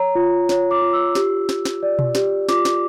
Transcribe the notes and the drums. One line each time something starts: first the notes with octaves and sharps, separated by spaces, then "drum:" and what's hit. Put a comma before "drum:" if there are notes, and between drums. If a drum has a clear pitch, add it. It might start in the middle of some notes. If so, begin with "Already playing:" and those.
Already playing: C#5 A#5
F4
C#5, drum: snare
D6
F4
E6
G4, drum: snare
G4, drum: snare
drum: snare
D5
drum: tom B2
G4, drum: snare
F4 D6, drum: snare
drum: snare